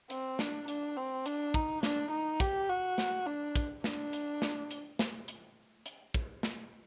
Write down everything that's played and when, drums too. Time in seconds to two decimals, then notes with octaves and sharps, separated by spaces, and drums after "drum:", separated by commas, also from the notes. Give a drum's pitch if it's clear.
0.10 C4, drum: hi-hat
0.39 D4, drum: snare
0.68 D4, drum: hi-hat
0.97 C4
1.26 D4, drum: hi-hat
1.54 D#4, drum: kick
1.83 D4, drum: snare
2.11 D#4
2.40 G4, drum: kick, hi-hat
2.69 F#4
2.98 drum: snare
3.27 D4
3.55 drum: kick, hi-hat
3.84 D4, drum: snare
4.13 drum: hi-hat
4.42 drum: snare
4.71 drum: hi-hat
4.99 drum: snare
5.28 drum: hi-hat
5.86 drum: hi-hat
6.14 drum: kick
6.43 drum: snare